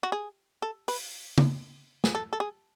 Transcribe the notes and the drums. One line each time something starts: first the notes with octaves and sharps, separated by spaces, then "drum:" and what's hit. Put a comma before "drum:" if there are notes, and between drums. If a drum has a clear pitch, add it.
F#4
G#4
A4
B4, drum: open hi-hat
drum: tom C#3
G#4, drum: snare
A4
A4
G#4